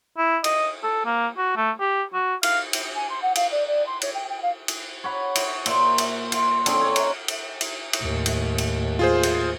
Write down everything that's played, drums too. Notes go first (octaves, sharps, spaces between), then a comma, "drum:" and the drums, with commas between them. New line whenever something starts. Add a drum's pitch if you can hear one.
E4
D#5, drum: cymbal
A4
A#3
F#4
A3
G4
F#4
F5, drum: cymbal
drum: cymbal
G#5
C6
F#5
F5, drum: cymbal
D5
D5
C6
C#5, drum: cymbal
G5
G5
F5
drum: cymbal
C#5 F#5 B5
C#5, drum: cymbal
A#2 C5 E5, drum: cymbal
drum: cymbal
F4, drum: cymbal
D3 C4 C#4 A4, drum: cymbal
D#4 C#5 G#5
drum: cymbal
drum: cymbal
drum: cymbal
drum: cymbal
D#2 A2
drum: cymbal
drum: cymbal
F4 G#4 C5
drum: cymbal